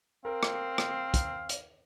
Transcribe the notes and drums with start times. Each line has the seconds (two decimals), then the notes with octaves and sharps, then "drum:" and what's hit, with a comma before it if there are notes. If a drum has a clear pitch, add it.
0.25 C4 A#4 F5
0.43 drum: rim click
0.78 drum: rim click
1.14 drum: kick, hi-hat
1.49 drum: hi-hat